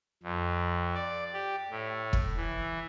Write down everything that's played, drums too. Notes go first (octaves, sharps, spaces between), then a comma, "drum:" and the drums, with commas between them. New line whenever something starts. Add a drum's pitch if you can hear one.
F2
D5
G4
A2
drum: kick
E3